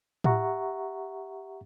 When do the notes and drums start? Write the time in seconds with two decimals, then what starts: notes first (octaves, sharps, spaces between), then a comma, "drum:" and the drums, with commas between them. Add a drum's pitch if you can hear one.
0.24 G4 E5 F#5 A#5 C#6, drum: tom A2